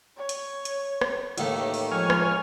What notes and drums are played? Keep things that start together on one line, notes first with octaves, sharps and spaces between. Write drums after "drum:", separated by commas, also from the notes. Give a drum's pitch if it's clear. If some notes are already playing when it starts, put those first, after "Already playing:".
C#5
drum: hi-hat
drum: hi-hat
drum: rim click
A1 D#2 D#3 A3, drum: hi-hat
drum: open hi-hat
F3 G#3 C#5 G#5 F6
drum: rim click